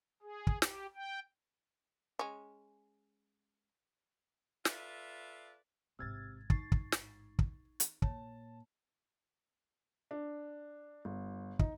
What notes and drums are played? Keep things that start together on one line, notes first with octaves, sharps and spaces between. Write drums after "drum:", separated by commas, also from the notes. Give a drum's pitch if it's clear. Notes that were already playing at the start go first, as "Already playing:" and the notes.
G#4
drum: kick
G4, drum: snare
G5
G#3 C#4
F4 A4 B4 D5 E5, drum: snare
A1 G#2 C3 E6 F6 G#6 A6
D#4 C#6 A6 C7, drum: kick
drum: kick
drum: snare
drum: kick
drum: hi-hat
A#2 C#5 A5, drum: kick
D4
G1
D#4, drum: kick